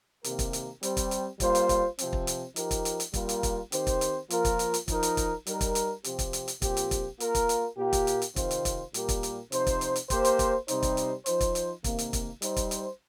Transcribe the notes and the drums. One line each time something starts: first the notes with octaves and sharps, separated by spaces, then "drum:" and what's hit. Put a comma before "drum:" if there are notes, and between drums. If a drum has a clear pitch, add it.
C3 D#3 A#3 G4 A#4, drum: hi-hat
drum: kick, hi-hat
drum: hi-hat
G3 C4 G4 C5, drum: hi-hat
drum: kick, hi-hat
drum: hi-hat
G3 A#3 F4 C5, drum: kick, hi-hat
drum: hi-hat
drum: kick, hi-hat
C3 F3 C4, drum: hi-hat
drum: kick
drum: hi-hat
F3 D#4 G4 A#4, drum: hi-hat
drum: kick, hi-hat
drum: hi-hat
drum: hi-hat
G3 A#3 F4 A#4, drum: kick, hi-hat
drum: hi-hat
drum: kick, hi-hat
D#3 C4 G4 C5, drum: hi-hat
drum: kick, hi-hat
drum: hi-hat
F3 A#3 F4 A#4, drum: hi-hat
drum: kick, hi-hat
drum: hi-hat
drum: hi-hat
F3 D#4 A#4, drum: kick, hi-hat
drum: hi-hat
drum: kick, hi-hat
G3 D#4 A#4, drum: hi-hat
drum: kick, hi-hat
drum: hi-hat
C3 F3 C4 G4, drum: hi-hat
drum: kick, hi-hat
drum: hi-hat
drum: hi-hat
A#2 F3 C4 G4, drum: kick, hi-hat
drum: hi-hat
drum: kick, hi-hat
A#3 F4 A#4, drum: hi-hat
drum: kick, hi-hat
drum: hi-hat
A#2 A#3 G4
drum: kick, hi-hat
drum: hi-hat
drum: hi-hat
C3 D#3 C4 F4 C5, drum: kick, hi-hat
drum: hi-hat
drum: kick, hi-hat
A#2 G3 A#3 G4 A#4, drum: hi-hat
drum: kick, hi-hat
drum: hi-hat
C3 F3 D#4 C5, drum: hi-hat
drum: kick, hi-hat
drum: hi-hat
drum: hi-hat
A#3 G4 C5, drum: kick, hi-hat
drum: hi-hat
drum: kick, hi-hat
C3 G3 D#4 C5, drum: hi-hat
drum: kick, hi-hat
drum: hi-hat
F3 D#4 C5, drum: hi-hat
drum: kick, hi-hat
drum: hi-hat
C3 D#3 A#3, drum: kick, hi-hat
drum: hi-hat
drum: kick, hi-hat
G3 D#4 C5, drum: hi-hat
drum: kick, hi-hat
drum: hi-hat